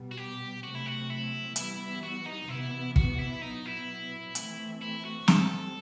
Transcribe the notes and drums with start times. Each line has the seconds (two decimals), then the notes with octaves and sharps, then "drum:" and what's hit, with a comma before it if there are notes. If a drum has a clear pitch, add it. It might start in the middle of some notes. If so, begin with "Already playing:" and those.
Already playing: B2 G3 B3
0.11 F#4
0.17 G4
0.63 C3 F#3 A3 C4 F#4
0.75 E4
0.86 F#4
1.10 E4
1.56 E3 G3 B3 E4, drum: hi-hat
2.03 F#4
2.26 D#4
2.49 C3 E3 B3 E4
2.96 F#4, drum: kick
3.19 E4
3.42 B2 F#3 B3 D#4
3.66 E4
4.35 E3 A3 C4, drum: hi-hat
4.82 E4
5.05 F#4
5.28 A2 G3 C4 A4, drum: snare